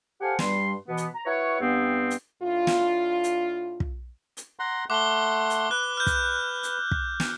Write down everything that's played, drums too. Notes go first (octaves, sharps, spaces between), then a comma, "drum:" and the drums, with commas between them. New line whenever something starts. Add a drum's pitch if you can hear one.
G4 A4 C5 F5 F#5 G#5
G2 G3 C6, drum: snare
B2 E3 B3
drum: hi-hat
A#5
E4 F#4 B4 C#5
G2 B3 C4
drum: hi-hat
A2 D4 F4
drum: snare
drum: hi-hat
drum: kick
drum: hi-hat
F#5 A#5 C6
A3 F#5 C6 D6 G7
drum: hi-hat
B4 F#6
F6 G6
drum: kick, hi-hat
drum: hi-hat
drum: kick
drum: snare